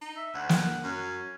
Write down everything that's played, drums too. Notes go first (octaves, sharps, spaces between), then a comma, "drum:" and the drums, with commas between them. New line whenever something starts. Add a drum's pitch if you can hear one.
D#4
E5
D2 F#5
drum: snare
F#2 C#4